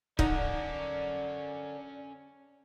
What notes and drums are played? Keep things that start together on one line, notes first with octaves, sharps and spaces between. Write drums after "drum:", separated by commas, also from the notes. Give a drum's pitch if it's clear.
D3 C#4 D#4 A#4 D5, drum: kick